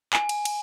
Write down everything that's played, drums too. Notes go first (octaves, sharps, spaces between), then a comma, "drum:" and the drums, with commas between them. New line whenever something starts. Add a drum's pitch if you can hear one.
G#5, drum: clap
drum: cymbal
drum: cymbal